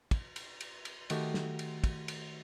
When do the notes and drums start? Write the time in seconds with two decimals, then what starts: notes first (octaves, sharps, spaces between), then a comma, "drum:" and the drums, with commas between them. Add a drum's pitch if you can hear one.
0.11 drum: kick, cymbal
0.36 drum: cymbal
0.61 drum: cymbal
0.85 drum: cymbal
1.10 D#3 A3 F#4 G4 A4 D#5, drum: cymbal
1.34 drum: snare
1.59 drum: cymbal
1.84 drum: kick, cymbal
2.08 drum: cymbal